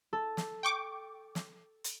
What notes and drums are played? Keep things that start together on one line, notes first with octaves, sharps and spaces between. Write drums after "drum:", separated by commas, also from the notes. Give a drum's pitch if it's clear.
A4
drum: snare
G5 C#6 D6
drum: snare
drum: hi-hat